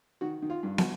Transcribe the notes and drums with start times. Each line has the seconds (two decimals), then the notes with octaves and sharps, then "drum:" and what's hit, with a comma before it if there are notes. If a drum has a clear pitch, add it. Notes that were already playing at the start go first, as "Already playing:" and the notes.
0.21 D#3 F#4
0.42 D#3
0.50 F4
0.63 G2
0.78 F#4, drum: snare